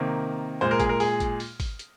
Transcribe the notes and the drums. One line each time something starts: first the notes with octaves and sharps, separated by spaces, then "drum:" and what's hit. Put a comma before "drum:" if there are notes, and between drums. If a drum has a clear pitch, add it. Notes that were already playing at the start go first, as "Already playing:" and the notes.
Already playing: C3 D#3 A#3
A#2 G#3 C5
A#4
G#4, drum: kick G#1, hi-hat
A#4
G#4, drum: open hi-hat
drum: kick G#1, hi-hat
drum: open hi-hat
drum: kick G#1, open hi-hat
drum: hi-hat